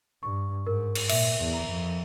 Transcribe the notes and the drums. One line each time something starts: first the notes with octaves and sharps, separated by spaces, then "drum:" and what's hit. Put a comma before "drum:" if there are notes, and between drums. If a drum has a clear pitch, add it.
G2 C#6
G#2 A#4
drum: cymbal
A#2 E5, drum: cymbal
E2
A#5
F2